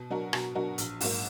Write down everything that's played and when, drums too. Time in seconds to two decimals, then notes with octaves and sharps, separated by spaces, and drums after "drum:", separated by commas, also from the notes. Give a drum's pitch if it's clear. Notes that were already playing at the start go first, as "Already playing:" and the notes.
Already playing: B2
0.10 F#3 D4 F#4 A#4
0.33 B2, drum: rim click
0.55 F#3 D4 F#4 A#4
0.78 A#1, drum: hi-hat
1.01 G#2 F#3 A#3, drum: open hi-hat